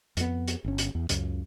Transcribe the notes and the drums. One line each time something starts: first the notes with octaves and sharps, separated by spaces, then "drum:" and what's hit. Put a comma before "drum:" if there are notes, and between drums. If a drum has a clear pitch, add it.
F2 B3, drum: hi-hat
drum: hi-hat
G1 C#4
drum: hi-hat
E2
C#2 F#2 C#3, drum: hi-hat